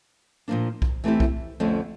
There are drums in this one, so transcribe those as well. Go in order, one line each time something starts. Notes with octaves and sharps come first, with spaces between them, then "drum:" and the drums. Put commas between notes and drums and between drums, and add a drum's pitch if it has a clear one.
A#2 F3 A#3 D4
drum: kick B1
E3 A3 C4 E4 G4
drum: kick B1
F2 D3 F3 A3 C#4